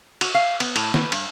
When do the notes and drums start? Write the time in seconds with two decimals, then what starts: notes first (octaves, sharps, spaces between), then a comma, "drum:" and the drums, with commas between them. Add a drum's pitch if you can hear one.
0.21 F#4, drum: cymbal
0.35 F5
0.60 B3, drum: cymbal
0.76 A2, drum: cymbal
0.94 B4, drum: snare
1.12 G2, drum: cymbal